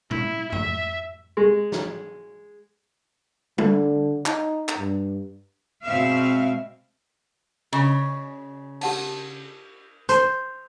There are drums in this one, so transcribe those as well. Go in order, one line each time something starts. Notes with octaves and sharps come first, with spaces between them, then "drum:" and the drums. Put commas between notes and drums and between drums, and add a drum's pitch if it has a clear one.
E4, drum: tom A#2
E5, drum: tom F2
G#3
drum: snare
D3, drum: tom G3
D#4, drum: clap
drum: clap
G2
B2 G#3 C4 E5 F5
C#3 D#5 B5, drum: cymbal
G4 F#5 A5, drum: cymbal
C5, drum: hi-hat